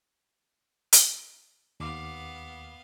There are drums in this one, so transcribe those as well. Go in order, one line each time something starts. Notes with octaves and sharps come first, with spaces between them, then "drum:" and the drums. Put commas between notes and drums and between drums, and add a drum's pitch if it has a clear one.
drum: hi-hat
D#2 B3 F5 D6